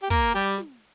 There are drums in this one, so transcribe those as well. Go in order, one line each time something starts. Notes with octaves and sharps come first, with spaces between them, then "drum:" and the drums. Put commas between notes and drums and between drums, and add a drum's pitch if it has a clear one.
G4
A#3 A#4, drum: kick, hi-hat
G3 G4
drum: snare